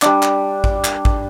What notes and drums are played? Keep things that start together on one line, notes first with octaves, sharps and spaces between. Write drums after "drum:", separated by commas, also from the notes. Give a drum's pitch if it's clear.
G3 D4, drum: clap
drum: clap
drum: kick A1
drum: clap
drum: kick A1